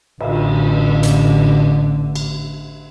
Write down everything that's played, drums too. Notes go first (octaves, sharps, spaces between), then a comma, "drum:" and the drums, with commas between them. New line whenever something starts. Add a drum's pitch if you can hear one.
A1 D3, drum: cymbal
drum: hi-hat
drum: cymbal